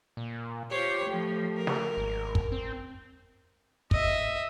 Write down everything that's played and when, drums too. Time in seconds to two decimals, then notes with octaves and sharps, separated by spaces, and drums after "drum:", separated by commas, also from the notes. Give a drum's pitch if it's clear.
0.17 A#2
0.71 F4 G4 C5 C#5
1.08 A2 F3
1.58 A#4
1.67 drum: snare
1.97 G#1
2.35 drum: kick
2.52 C4
3.91 D#5 E5, drum: kick